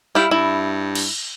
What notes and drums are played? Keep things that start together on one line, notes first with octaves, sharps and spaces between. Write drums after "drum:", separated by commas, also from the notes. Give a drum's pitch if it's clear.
G3 E4 F5
G2 E4
drum: cymbal